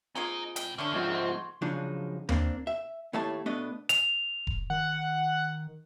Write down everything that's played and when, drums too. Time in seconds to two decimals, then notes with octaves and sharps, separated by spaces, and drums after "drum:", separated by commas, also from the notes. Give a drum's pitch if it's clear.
0.15 G#3 A#3 C4 D#4 F4 G#4 D7
0.56 B2 G5, drum: hi-hat
0.78 D3 A3 C#4 D4 F6
0.94 G#2 F3 C4 F#5 G6 G#6
1.12 C6 C#6
1.62 C#3 F3 F#3 G#3 D4 D#4
2.29 A#3 C4 D4, drum: tom D#2
2.67 E5
3.13 D#2 A2 A3 E4 C#5 A5
3.46 B2 A3 B3 D4 B4 D#5
3.89 F7, drum: hi-hat
4.47 drum: kick E1
4.70 D#3 F#5